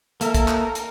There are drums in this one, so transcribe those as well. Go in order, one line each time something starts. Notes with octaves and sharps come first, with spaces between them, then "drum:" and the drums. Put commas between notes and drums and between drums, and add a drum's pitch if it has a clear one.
A#3 A4 A#4 E5 A#5, drum: hi-hat
drum: kick, hi-hat
drum: clap
drum: hi-hat